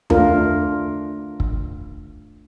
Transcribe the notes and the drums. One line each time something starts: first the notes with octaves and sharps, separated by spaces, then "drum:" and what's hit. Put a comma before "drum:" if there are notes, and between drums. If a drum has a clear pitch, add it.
A3 D4 F4 A#4, drum: tom E2
drum: kick